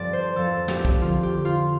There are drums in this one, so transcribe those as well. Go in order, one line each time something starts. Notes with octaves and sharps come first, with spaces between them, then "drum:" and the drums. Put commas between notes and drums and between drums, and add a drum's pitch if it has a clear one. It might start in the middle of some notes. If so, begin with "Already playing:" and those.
Already playing: G2 F3 C4 A4 D5
C5
F2 F3 A4
G4, drum: snare
drum: kick
F2 D3 F3 F4
G4
F4